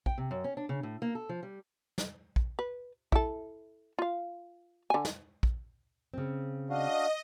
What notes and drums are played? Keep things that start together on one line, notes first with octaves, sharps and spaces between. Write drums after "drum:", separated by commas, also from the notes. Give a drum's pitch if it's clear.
G5, drum: kick
C3
F#2
C#4
D4
C#3
A2
A#3
A4
F3
G3
drum: snare
drum: kick
B4
E4 A4, drum: kick
F4 F5
D3 G#5
drum: snare
drum: kick
C#3 C4
D4 F#4 D#5 F5